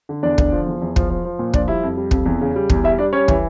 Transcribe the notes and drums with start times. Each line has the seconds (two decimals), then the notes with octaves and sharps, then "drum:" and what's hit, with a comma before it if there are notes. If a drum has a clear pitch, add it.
0.09 D3
0.23 E2 D4 D5
0.38 D3, drum: kick
0.52 F3
0.66 E2
0.81 E2
0.96 F3, drum: kick
1.10 F3
1.25 F3
1.39 A#2
1.54 F3 D4 D5, drum: kick
1.68 G3 E4 E5
1.83 F2
1.97 G3
2.11 F2, drum: kick
2.26 E2
2.41 C#3
2.56 G3
2.70 E2, drum: kick
2.84 G3 E4 E5
2.98 G3 D4 D5
3.13 G3 C#4 C#5
3.28 E3, drum: kick